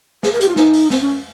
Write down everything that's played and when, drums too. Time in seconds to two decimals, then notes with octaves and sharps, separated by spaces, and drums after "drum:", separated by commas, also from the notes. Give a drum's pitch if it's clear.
0.23 G#4, drum: snare
0.32 A#4
0.41 G4, drum: hi-hat
0.48 F4
0.56 D#4, drum: snare
0.73 drum: open hi-hat
0.90 C4, drum: snare
1.01 C#4